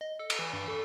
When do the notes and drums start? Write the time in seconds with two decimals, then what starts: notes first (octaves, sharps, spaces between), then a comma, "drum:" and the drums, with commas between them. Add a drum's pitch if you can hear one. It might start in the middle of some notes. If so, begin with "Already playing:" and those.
0.01 D#5
0.19 A4
0.30 drum: cymbal
0.39 E3
0.53 G2
0.68 A4